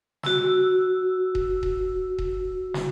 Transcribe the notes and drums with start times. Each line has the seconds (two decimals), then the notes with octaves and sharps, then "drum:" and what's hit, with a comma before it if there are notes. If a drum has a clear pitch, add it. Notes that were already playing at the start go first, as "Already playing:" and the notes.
0.23 F#4 E6, drum: snare
1.35 drum: kick D#1
1.63 drum: kick D#1
2.18 drum: kick D#1
2.74 drum: snare